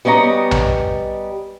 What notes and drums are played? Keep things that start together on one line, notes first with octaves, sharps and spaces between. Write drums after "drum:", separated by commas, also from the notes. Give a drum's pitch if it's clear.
G3 B3 C#4 D#5 A#5
drum: tom A#1